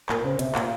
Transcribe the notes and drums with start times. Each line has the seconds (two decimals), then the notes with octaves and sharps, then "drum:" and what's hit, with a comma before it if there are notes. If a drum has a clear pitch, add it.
0.09 A#2 A#4, drum: clap
0.24 C#3 C5
0.39 C3 E5, drum: hi-hat
0.55 A#2 F5, drum: clap